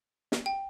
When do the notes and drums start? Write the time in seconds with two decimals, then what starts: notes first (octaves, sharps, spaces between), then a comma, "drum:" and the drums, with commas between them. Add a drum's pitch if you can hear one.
0.32 drum: snare
0.46 G5